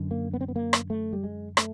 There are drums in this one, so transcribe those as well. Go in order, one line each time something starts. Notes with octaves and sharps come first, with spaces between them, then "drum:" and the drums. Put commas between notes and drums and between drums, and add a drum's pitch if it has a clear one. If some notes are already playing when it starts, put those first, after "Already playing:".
Already playing: F#2 D3
A#3
B3
C4
B3
A#3
drum: rim click
A3
G3
G#3
A3, drum: rim click